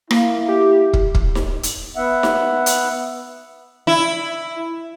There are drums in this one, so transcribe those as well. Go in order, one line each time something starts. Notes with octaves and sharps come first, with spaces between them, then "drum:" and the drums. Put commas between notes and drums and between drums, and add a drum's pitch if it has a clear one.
A#3 E4, drum: rim click
G4
drum: kick
drum: kick
drum: snare D#4
drum: hi-hat
B3 E5 F#5
drum: snare D#4
drum: hi-hat
E4